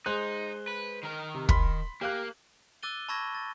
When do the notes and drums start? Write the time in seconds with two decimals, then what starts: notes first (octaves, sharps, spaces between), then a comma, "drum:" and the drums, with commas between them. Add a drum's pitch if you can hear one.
0.06 G#3 D#4 C5 F#6
0.67 B4
1.03 D#3 A#4
1.35 C3
1.49 B5 C6 B6, drum: kick
2.01 A#3 G4 F5 F#6
2.83 D6 E6 F#6 A6 D#7 G7
3.09 A5 B5 C#6 E6 G#6 A#6
3.35 A6